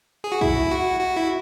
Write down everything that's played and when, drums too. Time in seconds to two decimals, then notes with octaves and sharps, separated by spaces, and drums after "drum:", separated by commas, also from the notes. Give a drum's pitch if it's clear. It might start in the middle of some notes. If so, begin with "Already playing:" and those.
0.24 G#4
0.32 F#4
0.41 E4, drum: kick
0.71 F#4
1.00 F#4
1.17 E4